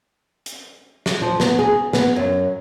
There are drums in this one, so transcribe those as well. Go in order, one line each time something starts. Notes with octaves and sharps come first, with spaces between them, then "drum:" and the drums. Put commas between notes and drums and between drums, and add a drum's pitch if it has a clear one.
drum: hi-hat
drum: snare
F3
B3, drum: snare
G#4
B3, drum: snare
F#2